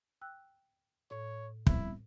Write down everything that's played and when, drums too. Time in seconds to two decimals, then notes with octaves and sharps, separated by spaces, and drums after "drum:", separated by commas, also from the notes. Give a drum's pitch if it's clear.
0.21 G5 E6 F#6
1.11 A2 C#5
1.67 G3 B3 C4 E4, drum: kick